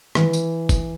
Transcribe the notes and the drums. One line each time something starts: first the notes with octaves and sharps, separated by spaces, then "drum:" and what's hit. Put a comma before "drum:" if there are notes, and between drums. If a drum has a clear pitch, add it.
E3, drum: rim click
drum: tambourine
drum: kick, tambourine